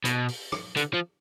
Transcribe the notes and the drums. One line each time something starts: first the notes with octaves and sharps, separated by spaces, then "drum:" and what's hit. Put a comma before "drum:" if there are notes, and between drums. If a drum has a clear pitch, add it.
B2, drum: hi-hat
drum: open hi-hat
drum: rim click
D3, drum: hi-hat
F3